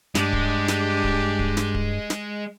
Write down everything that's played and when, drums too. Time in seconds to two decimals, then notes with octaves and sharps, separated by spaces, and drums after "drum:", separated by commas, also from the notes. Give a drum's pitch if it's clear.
0.15 G2 G#3 D4 G4, drum: snare
0.33 drum: kick D1
0.68 drum: snare
1.04 drum: kick D1
1.39 drum: kick D1
1.57 drum: snare
1.75 drum: kick D1
2.10 drum: snare